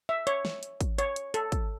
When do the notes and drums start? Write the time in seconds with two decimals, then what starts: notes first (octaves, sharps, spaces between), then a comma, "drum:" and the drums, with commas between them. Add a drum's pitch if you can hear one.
0.09 E5
0.27 C#5, drum: hi-hat
0.45 drum: snare
0.63 drum: hi-hat
0.81 drum: kick, hi-hat
0.98 C#5, drum: hi-hat
1.16 drum: hi-hat
1.34 A4, drum: hi-hat
1.52 drum: kick, hi-hat